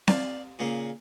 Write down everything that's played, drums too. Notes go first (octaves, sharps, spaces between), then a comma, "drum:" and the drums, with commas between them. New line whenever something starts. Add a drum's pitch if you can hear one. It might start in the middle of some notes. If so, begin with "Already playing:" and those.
D5 F5, drum: snare C4
A#2 C#3 A#3